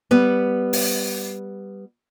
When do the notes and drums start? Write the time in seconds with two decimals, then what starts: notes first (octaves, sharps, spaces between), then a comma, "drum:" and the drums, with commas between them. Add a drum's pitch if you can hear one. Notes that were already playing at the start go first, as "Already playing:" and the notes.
0.11 G3 B3
0.73 drum: open hi-hat